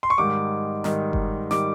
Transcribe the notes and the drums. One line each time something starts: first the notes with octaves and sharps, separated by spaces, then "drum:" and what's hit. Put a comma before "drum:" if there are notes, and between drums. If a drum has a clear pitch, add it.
C6
C#6
G#2 D#3 G3 D6
G#2 D#3 G3, drum: snare
drum: kick F#1
D#3 G3 D6, drum: snare